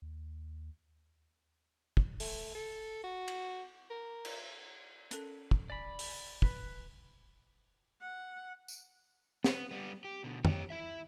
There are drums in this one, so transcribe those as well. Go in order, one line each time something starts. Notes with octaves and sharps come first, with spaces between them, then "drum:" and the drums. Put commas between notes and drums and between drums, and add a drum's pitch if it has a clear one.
D#2
drum: kick
A3, drum: open hi-hat
A4
F#4
drum: cymbal
A#4
drum: cymbal
C#4 A4 A#4, drum: hi-hat
drum: kick
D5 G#5 B5
drum: open hi-hat
B4, drum: kick
F#5
drum: tambourine
B3, drum: snare
G3 B3
G4
B2 D3
G4 C#5, drum: tom
E4 E5